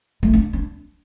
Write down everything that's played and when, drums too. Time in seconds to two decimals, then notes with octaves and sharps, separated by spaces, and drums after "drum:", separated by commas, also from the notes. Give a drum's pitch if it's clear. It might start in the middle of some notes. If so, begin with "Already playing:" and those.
0.23 A3, drum: kick G1
0.33 D4
0.53 D4